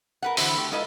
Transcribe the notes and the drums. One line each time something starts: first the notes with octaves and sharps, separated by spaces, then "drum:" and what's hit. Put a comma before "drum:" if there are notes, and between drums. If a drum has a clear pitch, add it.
A#4 B4 F#5
D3 E3 E4 F#4 C5, drum: open hi-hat
A3 G4
G#3 D#4 F4 A4 B4 D#5